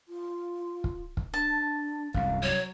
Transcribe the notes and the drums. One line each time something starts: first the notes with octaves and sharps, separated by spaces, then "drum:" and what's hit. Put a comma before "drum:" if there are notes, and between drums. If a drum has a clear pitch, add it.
F4
drum: kick
drum: kick
D4 A5
C2 F#2 F5, drum: kick
F#3 C#5